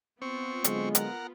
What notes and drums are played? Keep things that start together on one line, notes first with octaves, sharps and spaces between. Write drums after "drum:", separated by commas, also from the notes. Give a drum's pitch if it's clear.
B3 C4 F4 C#6
D3 F#3 G#3, drum: hi-hat
A#4 F#5, drum: hi-hat